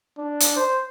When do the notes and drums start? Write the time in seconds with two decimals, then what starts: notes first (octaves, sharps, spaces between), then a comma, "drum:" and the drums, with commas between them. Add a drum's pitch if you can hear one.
0.17 D4
0.40 drum: hi-hat
0.56 C5